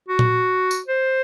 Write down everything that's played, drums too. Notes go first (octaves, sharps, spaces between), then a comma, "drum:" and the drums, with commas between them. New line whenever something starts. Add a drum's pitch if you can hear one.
F#4
drum: tom A#2
drum: tambourine
C5